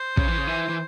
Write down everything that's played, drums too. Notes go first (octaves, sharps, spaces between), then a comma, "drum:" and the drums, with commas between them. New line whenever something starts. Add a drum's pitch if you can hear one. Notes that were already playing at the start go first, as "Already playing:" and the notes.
Already playing: C5
C#3, drum: kick
E3
C#3
E3
E3